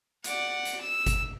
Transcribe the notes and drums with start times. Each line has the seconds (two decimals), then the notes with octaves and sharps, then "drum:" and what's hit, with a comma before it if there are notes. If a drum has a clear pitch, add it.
0.24 D5 F#5, drum: hi-hat
0.65 drum: hi-hat
0.80 E6
1.06 drum: kick G1, hi-hat